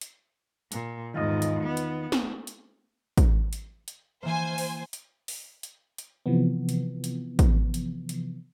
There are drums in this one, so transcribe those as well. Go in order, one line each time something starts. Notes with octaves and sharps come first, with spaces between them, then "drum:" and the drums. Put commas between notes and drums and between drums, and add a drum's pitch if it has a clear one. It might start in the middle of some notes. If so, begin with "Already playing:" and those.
drum: hi-hat
A#2, drum: hi-hat
E2 G#2 D#3 F4 D#5
drum: hi-hat
B3
drum: hi-hat
drum: snare
drum: hi-hat
drum: kick, hi-hat
drum: hi-hat
drum: hi-hat
E3 A#3 C5 G#5
drum: open hi-hat
drum: hi-hat
drum: open hi-hat
drum: hi-hat
drum: hi-hat
C3 E3 F3 B3
drum: hi-hat
drum: hi-hat
drum: kick, hi-hat
drum: hi-hat
drum: hi-hat